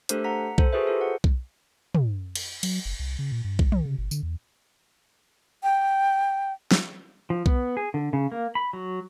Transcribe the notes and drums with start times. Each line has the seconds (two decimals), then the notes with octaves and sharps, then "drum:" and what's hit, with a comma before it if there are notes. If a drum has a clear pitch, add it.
0.09 A3 D4 G4 A4 A#4 C5, drum: hi-hat
0.24 F#5 A#5 B6
0.58 A4 C5, drum: kick B1
0.73 F#4 G#4 A4 B4 C5 E5
0.85 F4 G4 A4 A#4 C5
1.01 F#5
1.24 drum: kick B1
1.95 drum: tom
2.35 drum: cymbal
2.63 F#3, drum: cymbal
2.85 F#1
2.99 C2
3.19 C#3
3.32 A#2
3.44 G2
3.59 A1, drum: kick B1
3.72 C2, drum: tom
3.85 C#3
3.98 G1
4.11 D3, drum: tambourine
4.23 E2
5.63 G5
6.71 drum: snare
7.30 F3
7.46 B3, drum: kick B1
7.77 G#4
7.94 D3
8.13 C#3
8.32 A#3
8.55 B5
8.73 F#3